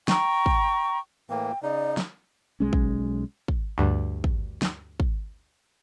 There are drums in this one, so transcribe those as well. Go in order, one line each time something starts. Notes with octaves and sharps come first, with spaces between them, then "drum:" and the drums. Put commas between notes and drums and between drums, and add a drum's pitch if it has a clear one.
G5 A#5 C#6, drum: snare
drum: kick
A2 E3 A#3 G5
C#3 D#4 D5
drum: snare
B1 G#3 C#4
drum: kick
drum: kick
D2 G2
drum: kick
drum: snare
drum: kick